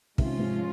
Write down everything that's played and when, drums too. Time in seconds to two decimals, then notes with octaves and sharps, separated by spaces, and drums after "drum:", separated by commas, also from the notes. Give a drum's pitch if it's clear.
0.18 C3 D#3 F3 G#3 C#4 F4, drum: kick
0.39 G#2 C3